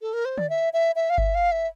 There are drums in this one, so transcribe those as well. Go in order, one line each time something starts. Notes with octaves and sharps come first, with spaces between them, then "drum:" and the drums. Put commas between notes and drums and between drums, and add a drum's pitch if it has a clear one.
A4
A#4
C5
D5, drum: tom
E5
E5
E5
F5
E5, drum: kick G1
F5
E5